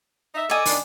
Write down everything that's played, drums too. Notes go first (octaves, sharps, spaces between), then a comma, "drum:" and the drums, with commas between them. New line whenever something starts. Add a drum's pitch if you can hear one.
D#4 E5
A4 D5 D#5 G#5
D#3 B3 D4, drum: open hi-hat